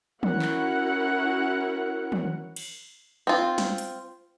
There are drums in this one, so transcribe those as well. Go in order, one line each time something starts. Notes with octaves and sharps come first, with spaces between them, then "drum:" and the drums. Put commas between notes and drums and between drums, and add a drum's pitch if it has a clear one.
C#4 E4 F#4 A#4 F#5, drum: tom
drum: clap
drum: tom
drum: cymbal
C4 F4
drum: snare
drum: hi-hat